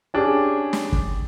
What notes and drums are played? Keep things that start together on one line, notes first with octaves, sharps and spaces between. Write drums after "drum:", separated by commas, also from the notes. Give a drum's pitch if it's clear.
C#4 D4 G4 G#4
drum: snare
drum: kick